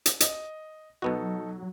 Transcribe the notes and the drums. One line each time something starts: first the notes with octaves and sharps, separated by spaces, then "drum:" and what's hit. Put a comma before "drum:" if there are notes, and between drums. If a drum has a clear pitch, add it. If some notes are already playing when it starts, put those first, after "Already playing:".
drum: hi-hat
D#5, drum: hi-hat
B2 F#3 B3 D#4 F#4 A4